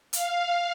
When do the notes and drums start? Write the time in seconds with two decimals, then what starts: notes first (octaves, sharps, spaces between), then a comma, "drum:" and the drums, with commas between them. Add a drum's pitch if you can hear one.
0.13 F5, drum: hi-hat